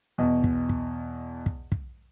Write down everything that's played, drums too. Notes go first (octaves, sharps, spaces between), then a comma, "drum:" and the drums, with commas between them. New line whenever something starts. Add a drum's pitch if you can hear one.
E2 B2 D#5
drum: kick
drum: kick
drum: kick
drum: kick